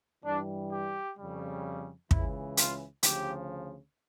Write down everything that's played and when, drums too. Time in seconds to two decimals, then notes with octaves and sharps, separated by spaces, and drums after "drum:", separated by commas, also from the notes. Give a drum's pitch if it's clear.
0.24 G2 E3 G3 D4
0.70 G4
1.17 F2 C#3 G3
2.11 C#2 C#3 E3 E4, drum: kick
2.57 F4, drum: hi-hat
3.03 D2 C#3 F3 G4, drum: hi-hat